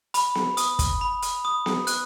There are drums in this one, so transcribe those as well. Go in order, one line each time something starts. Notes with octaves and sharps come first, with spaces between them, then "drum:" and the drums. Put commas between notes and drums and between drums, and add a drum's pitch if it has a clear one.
B5, drum: hi-hat
drum: snare B3
D#6, drum: hi-hat
drum: kick, hi-hat
B5
drum: hi-hat
D#6
drum: snare B3
F#6, drum: hi-hat